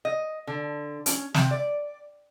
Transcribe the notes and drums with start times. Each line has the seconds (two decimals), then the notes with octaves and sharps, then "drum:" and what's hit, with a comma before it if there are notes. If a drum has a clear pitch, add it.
0.05 D#5
0.47 D3
1.06 C#4, drum: hi-hat
1.34 C3, drum: snare
1.51 D5